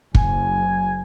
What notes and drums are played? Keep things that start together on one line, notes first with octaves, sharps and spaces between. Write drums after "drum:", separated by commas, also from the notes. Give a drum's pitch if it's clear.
F#1 G#5, drum: kick